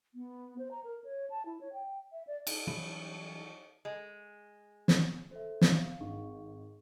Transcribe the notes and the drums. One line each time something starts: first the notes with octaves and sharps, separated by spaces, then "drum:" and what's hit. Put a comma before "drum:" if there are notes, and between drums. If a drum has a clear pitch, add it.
B3
C5
A#5
A#4
C#5
A5
E4
C#5
G5
E5
D5
drum: cymbal
E3 F#3 G3 C#4 E4
G#3
drum: snare
A4 C5 E5
F5, drum: snare
G#1 G#4 C#6